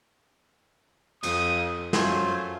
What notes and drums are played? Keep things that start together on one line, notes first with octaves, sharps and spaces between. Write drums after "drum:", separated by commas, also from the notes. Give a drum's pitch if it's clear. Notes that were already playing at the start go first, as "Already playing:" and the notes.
F2 D#6, drum: cymbal
F#2 A3 F4 C5 G#5, drum: snare